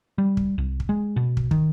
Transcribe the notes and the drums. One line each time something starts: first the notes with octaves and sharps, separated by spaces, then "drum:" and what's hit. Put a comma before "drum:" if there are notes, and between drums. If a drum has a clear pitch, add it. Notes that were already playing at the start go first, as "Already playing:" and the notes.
G3
drum: kick
C2
drum: kick
G#3
B2
drum: kick
D#3, drum: kick